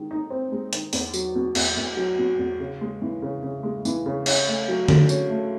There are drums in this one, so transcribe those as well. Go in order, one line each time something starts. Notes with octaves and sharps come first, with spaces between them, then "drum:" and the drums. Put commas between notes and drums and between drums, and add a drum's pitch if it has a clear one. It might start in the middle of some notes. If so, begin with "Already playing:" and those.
Already playing: D#3 G#3
D#4
C4
G#3
D#3, drum: hi-hat
E2, drum: open hi-hat
F#3, drum: tambourine
B2
E2, drum: cymbal
E2
F#3
B2
E2
C#3
G#3
E3
C#3
C#3
G#3
E3, drum: tambourine
C#3
C#4, drum: cymbal
A3
F#3
D3, drum: tom D3
C#4, drum: tambourine
A3